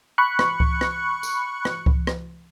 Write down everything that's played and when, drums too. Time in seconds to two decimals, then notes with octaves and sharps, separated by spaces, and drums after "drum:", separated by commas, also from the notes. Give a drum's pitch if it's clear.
0.18 B5 C#6 F#6 C#7
0.39 drum: rim click
0.60 drum: kick C#2
0.81 drum: rim click
1.23 drum: tambourine
1.65 drum: rim click
1.86 drum: kick C#2
2.07 drum: rim click